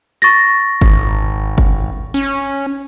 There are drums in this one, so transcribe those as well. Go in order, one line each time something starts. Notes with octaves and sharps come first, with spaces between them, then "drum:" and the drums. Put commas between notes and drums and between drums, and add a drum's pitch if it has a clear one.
C#6 A6 A#6
G#1, drum: kick G1
drum: kick G1
C#4, drum: cymbal